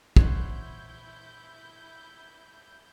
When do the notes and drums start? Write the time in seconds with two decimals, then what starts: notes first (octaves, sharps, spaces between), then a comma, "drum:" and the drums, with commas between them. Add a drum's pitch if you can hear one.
0.16 A#2 E3 E4 C5 C#5 F#5 G6, drum: kick